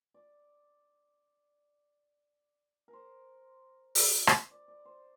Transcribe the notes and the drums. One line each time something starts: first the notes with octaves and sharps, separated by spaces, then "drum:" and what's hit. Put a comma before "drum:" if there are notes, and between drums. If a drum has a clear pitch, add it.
D5
A#4
C5
drum: open hi-hat
drum: rim click
D5
D5
C5